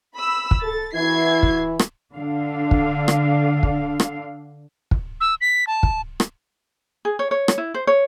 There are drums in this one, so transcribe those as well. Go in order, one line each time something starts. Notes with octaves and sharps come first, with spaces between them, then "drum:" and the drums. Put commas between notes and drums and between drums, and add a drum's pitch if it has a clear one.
B5 E6
drum: kick
A4 A6
E3 E4 F#4 G#6 C7
drum: kick
drum: rim click
D3 D4 F5
drum: kick
drum: rim click
drum: kick
drum: rim click
drum: kick
E6
B6
A5
drum: kick
drum: rim click
G#4
C#5
C#5
drum: rim click
E4
C5
C#5